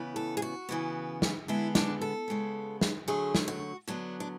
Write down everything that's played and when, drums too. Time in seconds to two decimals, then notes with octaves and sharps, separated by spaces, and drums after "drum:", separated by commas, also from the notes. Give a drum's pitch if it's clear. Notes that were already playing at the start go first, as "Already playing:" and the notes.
Already playing: C#3 E3 B3
0.16 A4
0.37 G#4
0.42 F#4
0.69 C#3 E3 B3
1.22 drum: snare
1.48 D3 G#3 B3 E4
1.75 D4, drum: snare
2.01 A4
2.28 C#3 G#3 B3
2.81 drum: snare
3.08 D3 F#3 A3 G#4
3.35 drum: snare
3.48 F#4
3.88 D3 F#3 B3 D4
4.20 D4